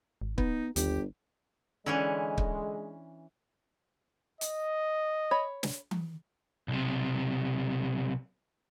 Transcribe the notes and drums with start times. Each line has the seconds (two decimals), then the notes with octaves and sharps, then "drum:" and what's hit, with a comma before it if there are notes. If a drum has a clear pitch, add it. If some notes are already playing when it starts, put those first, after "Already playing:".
0.22 G#1
0.38 B3 D#4, drum: kick
0.76 G1 D#2 G4, drum: hi-hat
1.86 D3 E3 G#3 C#4 E4
2.38 drum: kick
4.41 D#5, drum: hi-hat
5.31 C#5 B5
5.63 drum: snare
5.91 drum: tom E3
6.68 B1 C3